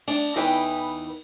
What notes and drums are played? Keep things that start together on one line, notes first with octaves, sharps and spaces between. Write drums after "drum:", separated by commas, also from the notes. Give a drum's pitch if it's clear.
D4, drum: cymbal
E2 E3 D#4 B4 G5